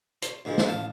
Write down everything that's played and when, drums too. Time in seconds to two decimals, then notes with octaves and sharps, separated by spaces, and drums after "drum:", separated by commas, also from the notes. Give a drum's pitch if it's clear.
0.22 C6, drum: hi-hat
0.45 D2 A#2 F3 G#3
0.58 drum: snare
0.68 A1 F5 A5